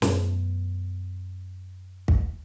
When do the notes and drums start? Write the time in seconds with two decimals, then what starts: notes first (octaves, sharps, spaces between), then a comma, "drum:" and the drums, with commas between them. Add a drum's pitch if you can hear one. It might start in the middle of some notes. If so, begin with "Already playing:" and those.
0.02 F#2 B2, drum: snare
2.08 drum: kick